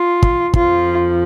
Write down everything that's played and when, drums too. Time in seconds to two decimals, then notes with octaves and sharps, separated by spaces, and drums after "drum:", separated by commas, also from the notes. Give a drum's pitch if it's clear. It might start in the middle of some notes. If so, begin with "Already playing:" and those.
Already playing: F4
0.23 drum: kick
0.54 F2 F3 F4, drum: kick